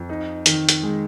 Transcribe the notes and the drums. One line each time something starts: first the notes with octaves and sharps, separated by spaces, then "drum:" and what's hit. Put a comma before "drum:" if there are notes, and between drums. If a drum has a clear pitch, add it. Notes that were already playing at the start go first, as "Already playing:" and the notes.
Already playing: F2
D#4
D#3, drum: hi-hat
drum: hi-hat
G#3